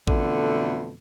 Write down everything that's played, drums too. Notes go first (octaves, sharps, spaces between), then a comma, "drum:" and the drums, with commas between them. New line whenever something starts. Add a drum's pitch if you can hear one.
F2 B2 D3 E3 A3, drum: kick